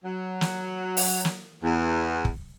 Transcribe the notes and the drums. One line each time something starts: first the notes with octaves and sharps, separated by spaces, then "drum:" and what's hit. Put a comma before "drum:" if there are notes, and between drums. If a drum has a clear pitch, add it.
F#3
drum: snare
drum: open hi-hat
drum: snare
E2
drum: kick